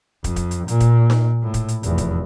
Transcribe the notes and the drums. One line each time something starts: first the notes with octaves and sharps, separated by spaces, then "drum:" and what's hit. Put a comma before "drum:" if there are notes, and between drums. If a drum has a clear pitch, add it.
F2, drum: kick, hi-hat
drum: kick, hi-hat
drum: hi-hat
A#2, drum: hi-hat
drum: kick, hi-hat
drum: snare D#4
A2
drum: kick, hi-hat
drum: hi-hat
F1 E2, drum: hi-hat
drum: kick, hi-hat